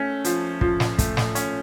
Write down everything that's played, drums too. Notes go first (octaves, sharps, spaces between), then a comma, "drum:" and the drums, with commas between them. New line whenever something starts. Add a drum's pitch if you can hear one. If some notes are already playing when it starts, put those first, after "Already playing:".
Already playing: A3 C#4
F3, drum: hi-hat
F3, drum: kick
drum: snare
A3, drum: kick, hi-hat
drum: snare
C#4, drum: hi-hat